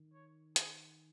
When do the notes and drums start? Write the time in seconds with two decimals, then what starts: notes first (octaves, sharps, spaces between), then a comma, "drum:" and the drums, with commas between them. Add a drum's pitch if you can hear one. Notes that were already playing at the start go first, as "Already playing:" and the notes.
Already playing: D#3
0.14 C#5
0.56 G#4, drum: hi-hat